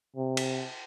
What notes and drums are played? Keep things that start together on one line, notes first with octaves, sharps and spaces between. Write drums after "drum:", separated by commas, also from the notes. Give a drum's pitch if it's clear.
C3
drum: cymbal